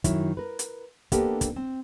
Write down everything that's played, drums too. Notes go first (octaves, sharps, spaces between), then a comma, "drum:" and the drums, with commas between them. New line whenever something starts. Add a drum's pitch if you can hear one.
F#2 D#3 F#3 E4, drum: kick, hi-hat
A#4 B4
drum: hi-hat
A#3 B3 D4 G4 A4 A#4, drum: kick, hi-hat
drum: kick, hi-hat
C4